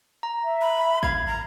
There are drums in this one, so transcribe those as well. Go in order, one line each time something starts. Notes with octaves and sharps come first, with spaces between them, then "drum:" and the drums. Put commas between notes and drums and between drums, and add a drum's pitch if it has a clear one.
A#5
E5
B5
F5 G#6, drum: kick
A#5